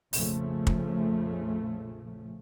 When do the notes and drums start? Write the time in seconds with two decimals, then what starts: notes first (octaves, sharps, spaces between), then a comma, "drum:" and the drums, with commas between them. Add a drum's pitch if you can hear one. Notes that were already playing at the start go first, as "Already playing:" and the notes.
0.13 A#1 F2 C#3 F3 A3, drum: open hi-hat
0.67 drum: kick